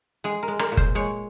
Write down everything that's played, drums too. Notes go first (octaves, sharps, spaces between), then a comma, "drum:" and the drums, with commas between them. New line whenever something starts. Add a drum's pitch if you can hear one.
G#3 G#4
A#4
G#3
A#4, drum: rim click
A#2
C5, drum: kick F#1
G#3 C#5